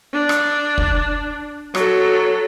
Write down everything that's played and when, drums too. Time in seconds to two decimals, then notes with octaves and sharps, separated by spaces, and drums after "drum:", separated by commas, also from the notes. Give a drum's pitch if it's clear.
0.13 D4
0.29 drum: rim click
0.78 drum: kick
1.75 F#3 A4, drum: rim click